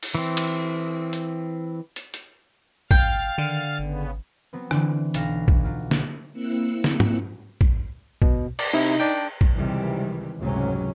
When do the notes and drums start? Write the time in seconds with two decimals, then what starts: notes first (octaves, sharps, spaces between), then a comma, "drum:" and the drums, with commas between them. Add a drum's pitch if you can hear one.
0.03 drum: open hi-hat
0.15 E3 C4
0.37 drum: cymbal
1.13 drum: hi-hat
1.96 drum: hi-hat
2.14 drum: hi-hat
2.91 G#1 F5 G5 F6 A6, drum: kick
3.38 D3 D#3
3.79 G#1 C#3 B3
4.53 F#3 B3 C4
4.71 D3 E3, drum: rim click
5.14 B1 F5 A#6, drum: hi-hat
5.48 drum: kick
5.64 F#3 F4
5.91 drum: snare
6.33 A#3 C4 E4 E6 F#6 C#7
6.84 drum: snare
7.00 drum: tom G#2
7.61 drum: kick
8.22 B2, drum: kick
8.59 D5, drum: cymbal
8.74 C3 D#4 E4
9.00 D4 D5 G5
9.41 drum: kick
9.55 C#2 C3 D#3 E3 G3
10.39 F1 C#2 G#2 C3 F#3 C#4